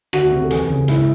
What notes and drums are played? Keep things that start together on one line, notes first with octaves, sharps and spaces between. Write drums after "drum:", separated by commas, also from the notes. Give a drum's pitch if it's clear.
D2 F#4, drum: rim click
C3
A4
E2 G#4, drum: hi-hat
C#3
G#2 E4, drum: hi-hat